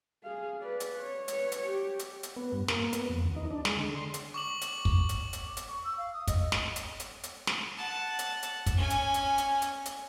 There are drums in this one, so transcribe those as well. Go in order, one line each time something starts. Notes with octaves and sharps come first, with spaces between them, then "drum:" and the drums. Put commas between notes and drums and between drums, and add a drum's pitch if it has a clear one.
G#4 F5
B4 D5
drum: hi-hat
C#5
B4 C#5, drum: hi-hat
drum: hi-hat
G4
drum: hi-hat
drum: hi-hat
B3
G2
A#3, drum: snare
B3, drum: hi-hat
F2
D#2
D#4
D4
G#3, drum: snare
D3
C6
drum: hi-hat
C#6 D6 F#7
drum: hi-hat
drum: kick
drum: hi-hat
drum: hi-hat
drum: hi-hat
C#6
E6
F5
D#6
D#5, drum: kick, hi-hat
drum: snare
drum: hi-hat
drum: hi-hat
drum: hi-hat
drum: snare
F#5 A5
drum: hi-hat
drum: hi-hat
drum: kick, hi-hat
C#4 G#5
drum: hi-hat
drum: hi-hat
drum: hi-hat
drum: hi-hat
drum: hi-hat